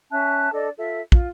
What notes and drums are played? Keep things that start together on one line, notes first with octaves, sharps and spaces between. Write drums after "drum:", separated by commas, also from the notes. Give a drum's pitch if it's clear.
C#4 E5 A5 F#6
D4 A4 D5 D#5
F4 A4 E5
F4, drum: kick